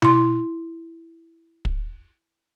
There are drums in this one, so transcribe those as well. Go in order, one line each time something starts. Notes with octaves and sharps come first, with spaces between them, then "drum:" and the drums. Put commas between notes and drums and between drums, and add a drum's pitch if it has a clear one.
E4 C6, drum: tom B2
drum: kick